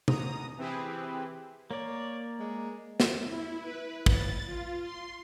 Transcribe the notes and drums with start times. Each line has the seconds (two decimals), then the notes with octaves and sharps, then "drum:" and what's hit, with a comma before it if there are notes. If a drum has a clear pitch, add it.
0.08 B2 A#5 D#6, drum: tom C3
0.58 E3 C4 E4 G4 G#4 B4
1.71 A#3 C#5 D5
2.39 G#3
3.00 drum: snare
3.26 E4
3.61 B4
4.06 A6, drum: kick
4.46 F4
4.81 C6